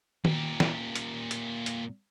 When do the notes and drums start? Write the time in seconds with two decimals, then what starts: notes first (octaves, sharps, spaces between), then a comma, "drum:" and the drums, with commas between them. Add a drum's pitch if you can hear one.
0.25 A#2 G4, drum: tom D#3
0.60 drum: snare
0.95 drum: hi-hat
1.31 drum: hi-hat
1.66 drum: hi-hat